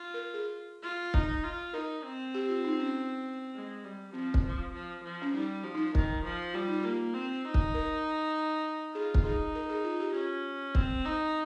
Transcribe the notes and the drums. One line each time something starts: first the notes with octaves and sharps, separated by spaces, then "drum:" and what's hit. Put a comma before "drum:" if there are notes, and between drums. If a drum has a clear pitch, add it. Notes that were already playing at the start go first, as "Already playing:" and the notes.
Already playing: F4
A#4
G#4
F4
D#4, drum: kick
F4
D#4 A#4
C4
G4
F4
D#4
C#4
G#3
G3
F3 C4
drum: kick
F3
F3
F3
C#4
G3 D#4
F3
D#4
D#3, drum: kick
F3
G3 F4
D#4
A#3 F4
C4
D#4
drum: kick
A#4
F4 G#4
drum: kick
D#4 G#4
A#4
G#4
F4
G4
C#4 F4
C4, drum: kick
D#4